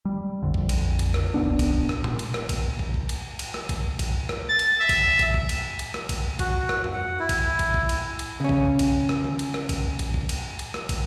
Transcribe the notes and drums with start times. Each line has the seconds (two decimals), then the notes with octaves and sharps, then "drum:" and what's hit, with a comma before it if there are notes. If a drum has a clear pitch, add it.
0.05 G3
0.43 A#1 F2 D3
0.54 drum: kick
0.69 drum: cymbal
0.99 drum: cymbal
1.14 drum: rim click
1.34 D1 B1 B3 D4
1.59 drum: kick, cymbal
1.89 drum: rim click
2.04 drum: tom A#2
2.19 drum: cymbal
2.34 drum: rim click
2.49 drum: kick, cymbal
2.79 drum: kick
2.94 drum: kick
3.09 drum: cymbal
3.39 drum: cymbal
3.54 drum: rim click
3.69 drum: kick, cymbal
3.99 drum: kick, cymbal
4.29 drum: rim click
4.49 A6
4.59 drum: cymbal
4.80 E5
4.89 drum: kick, cymbal
5.19 drum: kick, cymbal
5.34 drum: kick
5.49 drum: cymbal
5.79 drum: cymbal
5.94 drum: rim click
6.09 drum: kick, cymbal
6.39 F#4, drum: kick, cymbal
6.69 drum: rim click
6.84 drum: tom F2
6.93 F#5
7.20 E4
7.29 drum: kick, cymbal
7.59 drum: kick, cymbal
7.74 drum: kick
7.89 drum: cymbal
8.19 drum: cymbal
8.40 C#3 C#4
8.49 drum: kick
8.79 drum: kick, cymbal
9.09 drum: rim click
9.24 drum: tom D3
9.39 drum: cymbal
9.54 drum: rim click
9.69 drum: kick, cymbal
9.99 drum: kick, cymbal
10.14 drum: kick
10.29 drum: cymbal
10.59 drum: cymbal
10.74 drum: rim click
10.89 drum: kick, cymbal